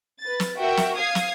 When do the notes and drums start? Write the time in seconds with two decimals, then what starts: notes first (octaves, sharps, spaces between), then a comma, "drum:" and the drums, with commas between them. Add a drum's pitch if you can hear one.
0.22 B4 A6
0.40 drum: snare
0.59 F#4 A#4 E5 G5
0.77 drum: snare
0.96 F5 D#6 G#6 C7
1.15 drum: snare